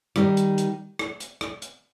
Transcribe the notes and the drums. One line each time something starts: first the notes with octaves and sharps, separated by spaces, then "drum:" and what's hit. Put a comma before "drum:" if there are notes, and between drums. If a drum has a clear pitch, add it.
D#3 G3, drum: rim click
drum: hi-hat
drum: hi-hat
drum: rim click
drum: hi-hat
drum: rim click
drum: hi-hat